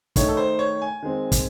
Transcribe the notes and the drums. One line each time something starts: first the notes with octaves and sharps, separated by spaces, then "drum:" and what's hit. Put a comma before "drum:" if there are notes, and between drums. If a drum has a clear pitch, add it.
D#3 A3 D#4 C#5, drum: kick, hi-hat
A4
C5
C#5
G#5
D#3 G#3 C4
drum: kick, hi-hat